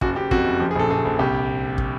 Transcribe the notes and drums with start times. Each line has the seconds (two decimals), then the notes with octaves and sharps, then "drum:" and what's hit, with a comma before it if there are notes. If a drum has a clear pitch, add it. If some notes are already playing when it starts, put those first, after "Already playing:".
0.01 F#1 F#4, drum: kick
0.16 F#1 G4
0.31 F2 F#4, drum: kick
0.46 F#1
0.60 F3 G4
0.71 G#4
0.75 A#1 A4
0.90 A#1 G#4
1.05 A#1
1.19 C2 G4
1.78 drum: kick